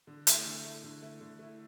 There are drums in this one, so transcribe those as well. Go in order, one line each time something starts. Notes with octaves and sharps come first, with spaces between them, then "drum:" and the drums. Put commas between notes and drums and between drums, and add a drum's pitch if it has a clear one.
D3
A3 E4, drum: hi-hat
D3
A3 E4
D3
A3 E4
D3
A3 E4